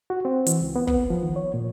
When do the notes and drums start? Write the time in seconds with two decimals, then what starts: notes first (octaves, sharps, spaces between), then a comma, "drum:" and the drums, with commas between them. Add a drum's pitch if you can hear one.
0.10 F#4
0.25 C4
0.46 E3, drum: hi-hat
0.61 C#2
0.76 B3
0.87 B3, drum: kick
1.10 F3
1.23 D#3
1.36 C#5
1.54 A#2